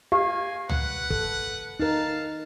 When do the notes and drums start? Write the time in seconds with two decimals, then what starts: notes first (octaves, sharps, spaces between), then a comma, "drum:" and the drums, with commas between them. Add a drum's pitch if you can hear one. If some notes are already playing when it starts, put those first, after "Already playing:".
0.12 A#3 G4 F5 G#5
0.69 B4 F#5, drum: tom C#2
1.10 A4, drum: kick
1.80 D#4 A#4 F5 A5